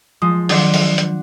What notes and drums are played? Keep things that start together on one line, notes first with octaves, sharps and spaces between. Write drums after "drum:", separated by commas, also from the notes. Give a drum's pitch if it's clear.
F3 G#3 D#6
D#3 F#3 D4 C5 F#5, drum: open hi-hat
drum: open hi-hat
drum: hi-hat